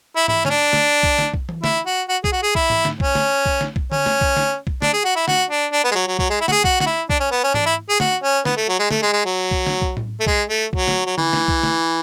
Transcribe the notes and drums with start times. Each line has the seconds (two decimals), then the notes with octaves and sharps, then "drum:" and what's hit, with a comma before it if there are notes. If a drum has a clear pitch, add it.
0.16 E4
0.28 E4, drum: tom G#2
0.45 C#4, drum: snare
0.50 D4
0.73 drum: snare
1.03 drum: kick B1
1.18 drum: snare
1.34 drum: kick B1
1.49 drum: tom E3
1.64 E4, drum: snare
1.86 F#4
2.09 F#4
2.24 G#4, drum: kick B1
2.32 F#4
2.43 G#4
2.55 E4, drum: kick B1
2.70 drum: tom G#2
2.85 drum: snare
3.00 C#4, drum: kick B1
3.15 drum: snare
3.46 drum: kick B1
3.61 drum: snare
3.76 drum: kick B1
3.92 C#4, drum: tom D3
4.06 drum: snare
4.21 drum: kick B1
4.36 drum: snare
4.67 drum: kick B1
4.82 D4, drum: snare
4.94 G#4
5.04 F#4
5.16 E4
5.28 F#4, drum: snare
5.50 D4
5.73 D4
5.84 B3
5.91 G#3
5.95 F#3
6.07 F#3
6.19 F#3, drum: kick B1
6.29 G#3
6.41 E4
6.48 F#4, drum: snare
6.52 G#4
6.64 F#4, drum: kick B1
6.80 F#4, drum: snare
6.86 E4
7.10 D4, drum: kick B1
7.20 C#4
7.31 B3
7.44 C#4
7.54 D4, drum: tom G#2
7.66 E4
7.89 G#4
8.00 F#4, drum: snare
8.23 C#4
8.45 B3, drum: snare
8.57 A3
8.69 F#3
8.79 G#3
8.91 A3, drum: snare
9.02 G#3
9.13 G#3
9.25 F#3
9.51 drum: kick B1
9.67 drum: snare
9.82 drum: kick B1
9.97 drum: tom A2
10.20 A3
10.27 G#3, drum: kick B1
10.49 A3
10.73 F#3, drum: kick B1
10.88 drum: snare
11.06 F#3
11.18 E3, drum: tom D3
11.33 drum: snare
11.48 drum: kick B1
11.63 drum: snare